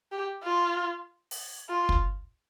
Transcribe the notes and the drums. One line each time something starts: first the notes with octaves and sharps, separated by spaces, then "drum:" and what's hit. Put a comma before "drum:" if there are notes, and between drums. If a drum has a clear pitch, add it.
G4
F4
drum: open hi-hat
F4
drum: kick